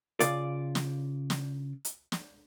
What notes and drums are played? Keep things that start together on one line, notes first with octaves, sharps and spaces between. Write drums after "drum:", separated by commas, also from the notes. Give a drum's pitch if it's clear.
C#3 F4 D5, drum: hi-hat
drum: snare
drum: snare
drum: hi-hat
drum: snare